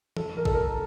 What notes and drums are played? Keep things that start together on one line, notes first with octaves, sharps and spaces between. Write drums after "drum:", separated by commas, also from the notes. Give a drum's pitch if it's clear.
A4, drum: tom E3
A#4
A4, drum: kick A#1
A#4